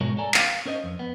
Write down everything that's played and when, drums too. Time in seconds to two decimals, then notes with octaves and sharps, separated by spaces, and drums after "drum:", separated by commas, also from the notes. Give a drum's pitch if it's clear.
0.01 G#2 B2 G#3 F#4 A#4 C#5
0.18 A4 D5 G#5 A#5
0.34 F5, drum: clap
0.66 C#4 A#4 C5 D#5
0.84 F2
0.99 B3